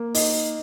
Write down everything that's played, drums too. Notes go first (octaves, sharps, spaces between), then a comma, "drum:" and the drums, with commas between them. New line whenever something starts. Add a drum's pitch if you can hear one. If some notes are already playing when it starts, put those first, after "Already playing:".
Already playing: A#3
D#4, drum: open hi-hat